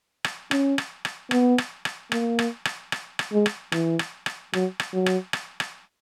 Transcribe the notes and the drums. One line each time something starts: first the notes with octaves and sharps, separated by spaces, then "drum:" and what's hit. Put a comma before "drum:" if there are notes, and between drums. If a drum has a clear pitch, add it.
drum: rim click
C#4, drum: rim click
drum: rim click
drum: rim click
B3, drum: rim click
drum: rim click
drum: rim click
A#3, drum: rim click
drum: rim click
drum: rim click
drum: rim click
drum: rim click
G#3
drum: rim click
E3, drum: rim click
drum: rim click
drum: rim click
F#3, drum: rim click
drum: rim click
F#3
drum: rim click
drum: rim click
drum: rim click